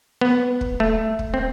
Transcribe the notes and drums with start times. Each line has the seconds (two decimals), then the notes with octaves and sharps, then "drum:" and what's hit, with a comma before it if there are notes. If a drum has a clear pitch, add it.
0.21 B3
0.61 drum: kick
0.80 A3
1.19 drum: kick
1.34 C4